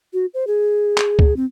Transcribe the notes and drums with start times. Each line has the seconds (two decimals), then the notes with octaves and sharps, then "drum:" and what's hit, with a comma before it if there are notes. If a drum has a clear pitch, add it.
0.13 F#4
0.34 C5
0.47 G#4
0.98 drum: clap
1.19 drum: kick
1.37 C4